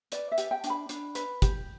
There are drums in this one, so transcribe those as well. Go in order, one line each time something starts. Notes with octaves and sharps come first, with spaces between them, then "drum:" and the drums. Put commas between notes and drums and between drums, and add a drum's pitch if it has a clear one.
B4 D5, drum: hi-hat
E5
G4, drum: hi-hat
G5
D4, drum: hi-hat
B5
D4, drum: hi-hat
B4, drum: hi-hat
G4, drum: kick, hi-hat